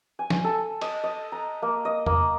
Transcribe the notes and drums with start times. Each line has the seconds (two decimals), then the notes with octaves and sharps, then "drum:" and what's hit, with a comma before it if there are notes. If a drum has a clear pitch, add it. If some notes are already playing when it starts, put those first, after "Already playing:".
0.19 G#5
0.30 drum: snare
0.44 A4
0.81 D#5, drum: cymbal
1.04 D#5
1.32 A#5
1.62 A#3
1.85 D#5
2.06 A#3, drum: tom E2